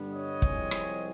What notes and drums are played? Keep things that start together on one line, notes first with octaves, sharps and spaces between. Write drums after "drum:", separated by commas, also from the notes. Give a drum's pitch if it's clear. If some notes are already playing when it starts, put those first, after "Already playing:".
Already playing: G2 D3 G3 B3
C#5 D#5
C2 C3 F3 G#3 C4, drum: kick
drum: rim click